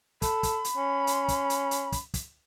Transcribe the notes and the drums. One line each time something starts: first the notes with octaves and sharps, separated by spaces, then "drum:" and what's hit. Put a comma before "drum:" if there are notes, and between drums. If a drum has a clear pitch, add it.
A4 B5, drum: kick, hi-hat
drum: kick, hi-hat
drum: hi-hat
C#4
drum: hi-hat
drum: kick, hi-hat
drum: hi-hat
drum: hi-hat
drum: kick, hi-hat
drum: kick, hi-hat